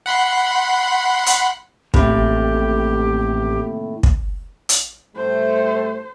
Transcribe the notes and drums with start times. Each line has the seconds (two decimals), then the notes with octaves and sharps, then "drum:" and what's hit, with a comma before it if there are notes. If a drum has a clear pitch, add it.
0.06 F#5 B5 C6
1.26 drum: hi-hat
1.94 A1 D#2 A2 C3 A3 G4, drum: kick
4.03 drum: kick
4.69 drum: hi-hat
5.16 A2 G3 A3 C5